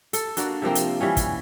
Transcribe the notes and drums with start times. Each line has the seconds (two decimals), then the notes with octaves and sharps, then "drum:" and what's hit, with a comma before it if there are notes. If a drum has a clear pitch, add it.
0.13 A4, drum: hi-hat
0.37 A#3 D4 F#4, drum: hi-hat
0.62 C3 F3 A#3 C4
0.75 drum: hi-hat
1.01 E3 G3 C#4
1.17 drum: kick, hi-hat